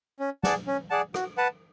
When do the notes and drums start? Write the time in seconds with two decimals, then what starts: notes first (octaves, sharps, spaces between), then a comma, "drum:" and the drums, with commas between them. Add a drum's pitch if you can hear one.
0.20 C#4
0.43 G#4 D5 F#5 A5, drum: snare
0.67 C#4
0.90 G#4 D5 F#5 A5
1.14 F#4, drum: rim click
1.37 B4 F#5 A5